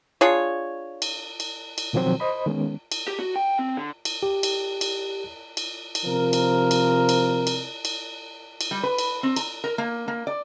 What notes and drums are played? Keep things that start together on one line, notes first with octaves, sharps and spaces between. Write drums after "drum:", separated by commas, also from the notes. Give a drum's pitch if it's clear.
D4 F4 G#4 C#5
drum: cymbal
drum: cymbal
drum: cymbal
B2 D#3 F3 F#3 C4
C5 D#5 B5
D#3 G#3 B3 C#4
drum: cymbal
G4
F#4
G5
C4
D3
drum: cymbal
G4
drum: cymbal
drum: cymbal
drum: cymbal
drum: cymbal
C3 F3 A#4
drum: cymbal
drum: cymbal
drum: cymbal
drum: cymbal
drum: cymbal
drum: cymbal
G3
B4
drum: cymbal
C4
A#5, drum: cymbal
A#4
A#3
A#3
D5